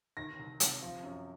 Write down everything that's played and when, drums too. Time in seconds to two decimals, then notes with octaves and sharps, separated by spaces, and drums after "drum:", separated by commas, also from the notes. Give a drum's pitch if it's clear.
0.17 D#3 A#6
0.39 C2
0.60 C3, drum: hi-hat
0.82 F3
1.04 F#2